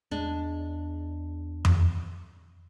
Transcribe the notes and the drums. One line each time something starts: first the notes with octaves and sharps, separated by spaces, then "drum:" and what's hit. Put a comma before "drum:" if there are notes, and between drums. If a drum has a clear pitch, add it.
E2 G#3 D4
drum: tom F2